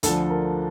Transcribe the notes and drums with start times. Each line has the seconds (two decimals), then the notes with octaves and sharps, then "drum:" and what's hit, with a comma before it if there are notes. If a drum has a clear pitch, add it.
0.03 D2 D3 F3 A4, drum: hi-hat
0.30 A#4